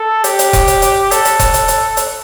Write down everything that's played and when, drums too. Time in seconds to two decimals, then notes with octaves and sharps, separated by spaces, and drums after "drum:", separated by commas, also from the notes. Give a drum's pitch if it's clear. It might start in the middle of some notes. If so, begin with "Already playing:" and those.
Already playing: A4
0.24 G4, drum: hi-hat
0.39 drum: hi-hat
0.53 drum: kick E1, hi-hat
0.68 drum: hi-hat
0.82 drum: hi-hat
1.11 A4, drum: hi-hat
1.25 drum: hi-hat
1.39 drum: kick E1, hi-hat
1.54 drum: hi-hat
1.68 drum: hi-hat
1.97 drum: hi-hat